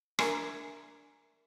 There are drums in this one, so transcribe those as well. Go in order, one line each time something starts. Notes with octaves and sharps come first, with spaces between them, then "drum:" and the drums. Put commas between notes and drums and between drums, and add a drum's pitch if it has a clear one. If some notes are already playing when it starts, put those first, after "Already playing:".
D4 A#4 E5 G#5, drum: rim click